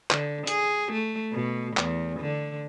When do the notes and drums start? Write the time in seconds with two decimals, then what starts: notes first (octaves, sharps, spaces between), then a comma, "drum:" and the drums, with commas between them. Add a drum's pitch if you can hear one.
0.11 D3, drum: clap
0.47 G#4, drum: hi-hat
0.92 A3
1.33 B2
1.77 E2, drum: clap
2.21 D3